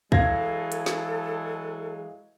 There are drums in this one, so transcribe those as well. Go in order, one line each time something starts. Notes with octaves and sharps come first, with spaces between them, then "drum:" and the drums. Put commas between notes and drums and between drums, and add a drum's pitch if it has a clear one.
E3 F#3 G#3 A4 F5 G#6 A#6, drum: kick
drum: hi-hat
drum: snare